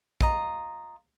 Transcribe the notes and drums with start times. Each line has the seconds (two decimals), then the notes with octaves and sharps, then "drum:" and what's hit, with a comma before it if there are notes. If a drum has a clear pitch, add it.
0.21 F4 D#5 A#5, drum: kick A#1